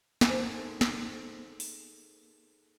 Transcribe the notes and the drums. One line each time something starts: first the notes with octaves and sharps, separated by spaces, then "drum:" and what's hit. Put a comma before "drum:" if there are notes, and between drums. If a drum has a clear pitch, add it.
A#3 D#4 G#4 A4 C5 G#5, drum: snare
drum: snare
drum: open hi-hat